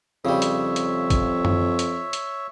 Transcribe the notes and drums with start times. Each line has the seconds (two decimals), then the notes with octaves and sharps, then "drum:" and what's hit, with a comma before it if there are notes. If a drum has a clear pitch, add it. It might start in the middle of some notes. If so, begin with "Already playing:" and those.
0.25 F2 C#3 G3 C#5 E5
0.42 drum: hi-hat
0.76 drum: hi-hat
1.10 drum: kick, hi-hat
1.45 drum: tom F#2
1.79 drum: hi-hat
2.13 drum: hi-hat